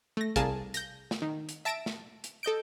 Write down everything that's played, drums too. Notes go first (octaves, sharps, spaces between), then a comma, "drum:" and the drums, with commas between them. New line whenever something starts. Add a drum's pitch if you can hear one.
A3 A#6
C2 G#4 A#4 F5 G#5 A5, drum: kick, hi-hat
G6 A#6, drum: hi-hat
drum: snare
D#3
drum: hi-hat
E5 A5 A#6 D7 E7
drum: snare
drum: hi-hat
A4 D#5 G6 D7